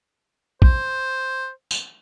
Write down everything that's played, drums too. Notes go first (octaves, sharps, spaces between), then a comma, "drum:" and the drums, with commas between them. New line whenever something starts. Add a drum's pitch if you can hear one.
C5, drum: kick
drum: tambourine